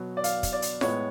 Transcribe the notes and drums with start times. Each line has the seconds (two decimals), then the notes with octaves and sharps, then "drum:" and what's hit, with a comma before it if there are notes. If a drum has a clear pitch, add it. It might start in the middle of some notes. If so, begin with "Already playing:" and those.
Already playing: B2 F#3 B3
0.17 D5
0.24 F5, drum: hi-hat
0.43 drum: kick, hi-hat
0.53 D5
0.62 drum: hi-hat
0.81 A2 G#3 B3 C#5, drum: snare F4